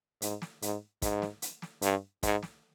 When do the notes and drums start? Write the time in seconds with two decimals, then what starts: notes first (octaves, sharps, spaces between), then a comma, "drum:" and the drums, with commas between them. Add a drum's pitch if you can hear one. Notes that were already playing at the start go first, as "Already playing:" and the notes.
0.22 G#2, drum: hi-hat
0.42 drum: snare
0.62 G#2, drum: hi-hat
1.02 G#2, drum: kick, hi-hat
1.22 drum: snare
1.42 drum: hi-hat
1.62 drum: snare
1.82 G2, drum: hi-hat
2.23 G#2, drum: kick, hi-hat
2.43 drum: snare